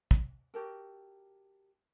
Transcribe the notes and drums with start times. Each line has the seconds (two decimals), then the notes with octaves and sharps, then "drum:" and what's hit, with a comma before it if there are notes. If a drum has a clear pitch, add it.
0.11 drum: kick
0.54 F#4 G4 A4 A#4